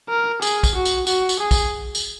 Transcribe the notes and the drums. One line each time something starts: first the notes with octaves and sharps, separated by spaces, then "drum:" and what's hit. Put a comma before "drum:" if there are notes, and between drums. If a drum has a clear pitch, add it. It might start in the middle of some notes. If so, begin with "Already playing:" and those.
A#4
G#4, drum: tambourine
drum: kick, tambourine
F#4
drum: tambourine
F#4, drum: tambourine
drum: tambourine
G#4
drum: kick, tambourine
drum: tambourine